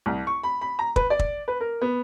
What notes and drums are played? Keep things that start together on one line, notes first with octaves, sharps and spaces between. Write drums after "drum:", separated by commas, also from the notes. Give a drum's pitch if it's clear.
C2
C#6
B5
B5
A#5
B4, drum: kick
D5
drum: kick
B4
A#4
B3